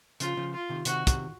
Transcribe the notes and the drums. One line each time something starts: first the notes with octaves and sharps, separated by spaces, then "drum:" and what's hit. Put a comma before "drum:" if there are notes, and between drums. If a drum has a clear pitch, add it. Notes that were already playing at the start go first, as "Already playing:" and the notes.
C#3 F3 F4, drum: hi-hat
C#3 F3
F4
C3 D#3
C3 D#3 F#4, drum: hi-hat
C3 D#3, drum: kick, hi-hat